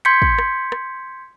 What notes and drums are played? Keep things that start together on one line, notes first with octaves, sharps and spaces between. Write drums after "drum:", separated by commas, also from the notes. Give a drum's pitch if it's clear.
C6 G6 G#6 B6 C#7
drum: kick
drum: rim click
drum: rim click